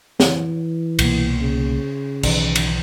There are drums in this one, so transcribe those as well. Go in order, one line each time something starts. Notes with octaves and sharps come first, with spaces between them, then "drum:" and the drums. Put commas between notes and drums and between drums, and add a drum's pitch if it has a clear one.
E3, drum: snare
C2 B2 A#3, drum: cymbal
C#3
B1 D#3 E3, drum: cymbal
drum: cymbal